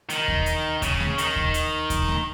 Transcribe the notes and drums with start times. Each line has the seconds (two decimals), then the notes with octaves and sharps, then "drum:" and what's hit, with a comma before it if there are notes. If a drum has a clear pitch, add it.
0.10 D#3, drum: hi-hat
0.28 drum: kick D#2
0.46 drum: hi-hat
0.82 C#3, drum: kick D#2, hi-hat
1.00 drum: snare A3
1.18 D#3, drum: hi-hat
1.36 drum: kick D#2
1.54 drum: hi-hat
1.90 drum: kick D#2, hi-hat
2.08 drum: snare A3